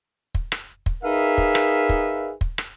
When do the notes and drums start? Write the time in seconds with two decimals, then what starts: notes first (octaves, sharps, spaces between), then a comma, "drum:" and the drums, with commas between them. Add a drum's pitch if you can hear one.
0.35 drum: kick
0.52 drum: rim click
0.86 drum: kick
1.03 D#4 G#4 A#4 B4 E5 F5
1.38 drum: kick
1.55 drum: rim click
1.89 drum: kick
2.41 drum: kick
2.58 drum: rim click